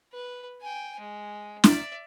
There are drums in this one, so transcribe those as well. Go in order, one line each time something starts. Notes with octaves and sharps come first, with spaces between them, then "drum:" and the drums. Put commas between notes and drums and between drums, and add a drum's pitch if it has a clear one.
B4
G5 G#5
G#3
D5 E5, drum: snare